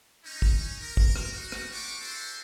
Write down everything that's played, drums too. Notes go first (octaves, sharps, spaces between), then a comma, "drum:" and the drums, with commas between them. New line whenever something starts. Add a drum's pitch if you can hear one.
C#4 D#4
drum: kick
A#4
drum: kick
drum: rim click
D#4 F#4
drum: rim click
A3 D4 F4 G4 C#6 D6
E4 F#4 G#4 A4 C5